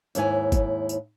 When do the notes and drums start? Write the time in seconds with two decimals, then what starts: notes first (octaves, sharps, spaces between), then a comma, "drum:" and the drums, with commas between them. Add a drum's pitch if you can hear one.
0.15 D#2 G#2 E4 C#5 G#5, drum: tambourine
0.52 drum: kick, tambourine
0.89 drum: tambourine